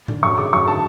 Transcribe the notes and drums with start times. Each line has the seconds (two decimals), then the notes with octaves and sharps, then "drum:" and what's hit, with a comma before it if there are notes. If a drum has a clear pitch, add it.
0.08 D3, drum: tom A2
0.23 F#2 C#6
0.38 C#3 D6
0.53 F#2 C#6
0.67 D3 A5